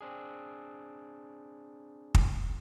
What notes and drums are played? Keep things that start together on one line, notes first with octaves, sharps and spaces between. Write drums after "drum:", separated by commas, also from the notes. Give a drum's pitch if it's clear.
C4 D4 G#4
drum: kick